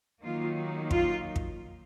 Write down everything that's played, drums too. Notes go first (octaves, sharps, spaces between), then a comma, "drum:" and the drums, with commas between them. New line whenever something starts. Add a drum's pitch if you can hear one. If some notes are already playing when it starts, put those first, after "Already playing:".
D#3 F#3 A#3 D#4 F4
F4, drum: kick
drum: kick